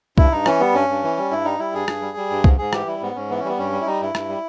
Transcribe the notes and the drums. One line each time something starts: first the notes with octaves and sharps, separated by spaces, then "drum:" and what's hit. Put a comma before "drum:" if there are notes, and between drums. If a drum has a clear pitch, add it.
G2 E4, drum: kick C2
G2 D#4
E3 C#4, drum: rim click
G3 B3
G2 C#4
G2
E3
G3
G2 E4
G3 D#4
G3 E4
G2 G#4
G2, drum: rim click
G3
G3
G2
G#2, drum: kick C2
G#2 G#4
E3 G4, drum: rim click
G3 E4
G#2 B3
G#2 C#4
E3 B3
C#4
G3 B3
G2 C#4
G3
E4
G3 D#4
G2 E4
G2, drum: rim click
G3